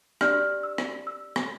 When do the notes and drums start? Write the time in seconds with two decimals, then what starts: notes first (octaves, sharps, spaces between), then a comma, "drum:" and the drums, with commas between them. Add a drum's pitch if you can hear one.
0.21 D4 G4 D5 F6, drum: rim click
0.63 E6
0.78 drum: rim click
1.07 E6
1.36 drum: rim click